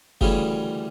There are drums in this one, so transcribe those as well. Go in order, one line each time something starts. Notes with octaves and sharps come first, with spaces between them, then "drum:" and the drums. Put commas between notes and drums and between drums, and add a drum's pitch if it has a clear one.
D2 C#3 E3 G3 C#4, drum: kick